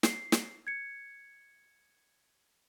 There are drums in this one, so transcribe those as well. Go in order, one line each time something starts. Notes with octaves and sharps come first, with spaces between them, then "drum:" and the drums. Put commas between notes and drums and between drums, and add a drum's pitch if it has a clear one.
C7, drum: snare
drum: snare
G#6 C#7